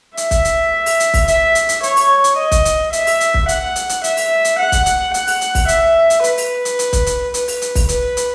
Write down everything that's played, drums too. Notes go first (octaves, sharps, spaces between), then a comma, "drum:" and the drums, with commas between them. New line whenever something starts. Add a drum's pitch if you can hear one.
E5, drum: hi-hat
drum: kick, hi-hat
drum: hi-hat
drum: open hi-hat
drum: hi-hat
drum: kick, open hi-hat
E5, drum: hi-hat
drum: hi-hat
drum: hi-hat
C#5, drum: hi-hat
drum: open hi-hat
drum: hi-hat
D#5
drum: kick, hi-hat
drum: hi-hat
E5, drum: hi-hat
drum: open hi-hat
drum: hi-hat
drum: kick
F#5, drum: hi-hat
drum: hi-hat
drum: hi-hat
E5, drum: hi-hat
drum: open hi-hat
drum: hi-hat
F#5
drum: kick, hi-hat
drum: hi-hat
F#5, drum: hi-hat
drum: open hi-hat
drum: hi-hat
drum: kick, open hi-hat
E5, drum: hi-hat
drum: hi-hat
B4, drum: hi-hat
drum: open hi-hat
drum: hi-hat
drum: hi-hat
drum: kick, hi-hat
drum: hi-hat
B4, drum: hi-hat
drum: open hi-hat
drum: hi-hat
drum: kick, open hi-hat
B4, drum: hi-hat
drum: hi-hat